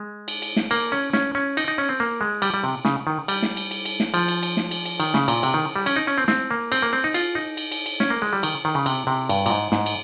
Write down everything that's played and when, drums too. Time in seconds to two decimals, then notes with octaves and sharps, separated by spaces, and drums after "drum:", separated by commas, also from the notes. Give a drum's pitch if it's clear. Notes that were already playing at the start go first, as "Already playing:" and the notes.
Already playing: G#3
0.28 drum: cymbal
0.42 drum: cymbal
0.56 drum: snare
0.71 A#3, drum: cymbal
0.92 C#4
1.13 C#4, drum: snare
1.35 C#4
1.57 D#4, drum: cymbal
1.68 D#4
1.78 C#4
1.89 C4
2.00 A#3
2.21 G#3
2.42 G3, drum: cymbal
2.54 G3
2.64 C3
2.85 C#3, drum: snare
3.07 D#3
3.28 G3, drum: cymbal
3.43 drum: snare
3.57 drum: cymbal
3.71 drum: cymbal
3.85 drum: cymbal
4.00 drum: snare
4.14 F3, drum: cymbal
4.28 drum: cymbal
4.43 drum: cymbal
4.57 drum: snare
4.71 drum: cymbal
4.86 drum: cymbal
5.00 D#3, drum: cymbal
5.14 C#3, drum: snare
5.28 A#2, drum: cymbal
5.43 C3, drum: cymbal
5.54 D#3
5.76 G3
5.86 C#4, drum: cymbal
5.96 D#4
6.07 C#4
6.18 C4
6.28 C4, drum: snare
6.51 A#3
6.72 C4, drum: cymbal
6.82 A#3
6.93 C4
7.04 D#4
7.14 F4, drum: cymbal
7.35 D#4
7.57 drum: cymbal
7.72 drum: cymbal
7.86 drum: cymbal
8.00 C#4, drum: snare
8.10 A#3
8.22 G#3
8.33 G3
8.43 D#3, drum: cymbal
8.65 D#3
8.75 C#3
8.86 C3, drum: cymbal
9.07 C3
9.29 G2, drum: cymbal
9.46 A#2, drum: cymbal
9.50 G#2
9.72 G#2, drum: snare
9.86 drum: cymbal